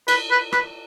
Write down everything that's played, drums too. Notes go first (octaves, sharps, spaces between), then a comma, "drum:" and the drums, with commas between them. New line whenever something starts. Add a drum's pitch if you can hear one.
B4, drum: cymbal
B4
B4, drum: rim click